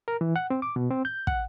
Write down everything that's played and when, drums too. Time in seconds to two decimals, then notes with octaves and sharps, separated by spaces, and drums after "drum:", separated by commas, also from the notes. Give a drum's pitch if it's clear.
0.08 A#4
0.21 E3
0.36 F#5
0.50 C4
0.62 D6
0.76 B2
0.91 C4
1.05 G6
1.27 F#5, drum: kick